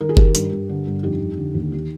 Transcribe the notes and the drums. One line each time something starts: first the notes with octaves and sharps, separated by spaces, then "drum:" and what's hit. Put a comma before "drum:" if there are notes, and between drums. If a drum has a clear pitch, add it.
D#3 A#4
G#4
D#3 G4 A#4, drum: kick F#1
G2, drum: hi-hat
G2
D3
G2
F2 D#4 G4
F2
D3
D#2
D#3